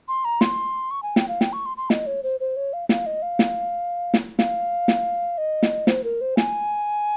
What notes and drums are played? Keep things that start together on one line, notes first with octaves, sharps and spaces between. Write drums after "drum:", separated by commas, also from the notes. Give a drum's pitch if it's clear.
C6
A#5
C6, drum: snare
C#6
G#5
G5, drum: snare
F5
G5, drum: snare
C#6
C6
C6
D#5, drum: snare
C#5
C5
C5
C#5
F5
F5, drum: snare
D#5
F5
drum: snare
drum: snare
F5, drum: snare
drum: snare
D#5
drum: snare
C5, drum: snare
A#4
C5
G#5, drum: snare